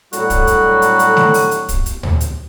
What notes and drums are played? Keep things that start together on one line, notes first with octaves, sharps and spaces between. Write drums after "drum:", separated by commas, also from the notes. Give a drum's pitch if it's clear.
A2 D3 F#3 G3 F#4, drum: hi-hat
drum: kick, hi-hat
drum: hi-hat
drum: hi-hat
drum: hi-hat
drum: snare A3
drum: open hi-hat
drum: hi-hat
drum: kick, hi-hat
drum: hi-hat
drum: tom D2
drum: hi-hat